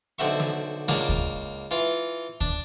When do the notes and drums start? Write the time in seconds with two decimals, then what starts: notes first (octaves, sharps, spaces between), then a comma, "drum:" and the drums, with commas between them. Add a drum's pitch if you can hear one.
0.19 B1 D3 C4 F#4 E5 C#6
0.40 drum: snare
0.88 C#2 A#3 D4 F#4 A#4, drum: snare
1.09 drum: kick D2
1.71 E3 F4
2.41 D4, drum: kick D2